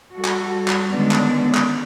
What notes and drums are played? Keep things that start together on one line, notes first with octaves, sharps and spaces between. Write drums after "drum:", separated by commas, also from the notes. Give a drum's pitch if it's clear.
G3 F#4 A4
drum: clap
drum: clap
D3 D#3 G#3 B3 C#4 D4
drum: clap
drum: clap